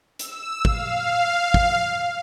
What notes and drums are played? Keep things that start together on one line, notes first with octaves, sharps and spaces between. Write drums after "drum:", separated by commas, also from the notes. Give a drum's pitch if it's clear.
E6, drum: hi-hat
F5, drum: kick
drum: kick